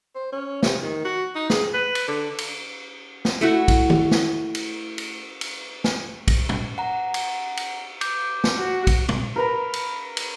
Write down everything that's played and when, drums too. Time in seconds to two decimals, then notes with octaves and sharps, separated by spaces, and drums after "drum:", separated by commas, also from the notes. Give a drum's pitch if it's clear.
0.15 C5
0.32 C#4
0.63 C3, drum: snare
0.82 D#3
1.05 F#4
1.35 D#4
1.50 G#4, drum: snare
1.74 B4
1.95 drum: cymbal
2.08 D3
2.38 drum: cymbal
3.25 drum: snare
3.41 A3 E4 F#4
3.68 drum: kick, cymbal
3.90 drum: tom D#3
4.11 drum: snare
4.55 drum: cymbal
4.98 drum: cymbal
5.41 drum: cymbal
5.84 drum: snare
6.28 drum: kick, cymbal
6.49 drum: tom
6.78 F#5 A#5
7.14 drum: cymbal
7.57 drum: cymbal
8.01 D6 G6, drum: cymbal
8.44 drum: snare
8.59 F#4
8.87 drum: kick, cymbal
9.09 drum: tom
9.36 A#4 B4 A#5
9.73 drum: cymbal
10.17 drum: cymbal